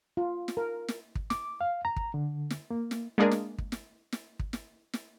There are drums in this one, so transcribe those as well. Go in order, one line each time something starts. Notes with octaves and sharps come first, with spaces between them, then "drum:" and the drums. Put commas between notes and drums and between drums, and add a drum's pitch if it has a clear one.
F4
drum: snare
A#4
drum: snare
drum: kick
D6, drum: snare
F5
A#5
drum: kick
D3
drum: snare
A#3
drum: snare
G#3 A#3 D4 G#4 A#4 D5
drum: snare
drum: kick
drum: snare
drum: snare
drum: kick
drum: snare
drum: snare